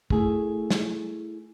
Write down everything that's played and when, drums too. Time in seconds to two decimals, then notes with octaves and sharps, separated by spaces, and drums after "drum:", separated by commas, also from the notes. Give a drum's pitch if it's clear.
0.10 A3 E4 G#4, drum: kick
0.70 drum: snare